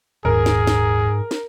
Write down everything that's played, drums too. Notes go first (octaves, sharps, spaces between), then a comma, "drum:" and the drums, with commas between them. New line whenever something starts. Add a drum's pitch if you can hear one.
D#1 G#2 G#4 A#4
drum: snare
drum: snare
drum: snare